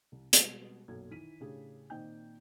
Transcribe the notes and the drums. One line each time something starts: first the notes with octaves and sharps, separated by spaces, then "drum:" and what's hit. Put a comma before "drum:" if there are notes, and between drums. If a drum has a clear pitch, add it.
C2
B2 G3 G#3 B3 F#4, drum: hi-hat
B1 F#2 A#2 A4 G#6
D#3 E3 B6 D#7
A2 C#3 C#4 D4 G4 G#4
A#2 D#3 C4 D#5 G5 G6